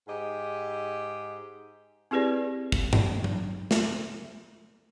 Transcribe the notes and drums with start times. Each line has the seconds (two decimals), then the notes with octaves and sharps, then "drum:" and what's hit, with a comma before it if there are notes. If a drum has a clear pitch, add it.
0.08 G#2 G4 D#5
2.11 C4 E4 G4 G#4 B4 D5
2.72 drum: kick
2.93 drum: tom G2
3.24 drum: tom F#3
3.71 drum: snare